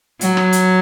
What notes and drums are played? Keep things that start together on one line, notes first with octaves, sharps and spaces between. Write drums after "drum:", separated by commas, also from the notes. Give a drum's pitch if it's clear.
F#3, drum: hi-hat
drum: rim click
drum: hi-hat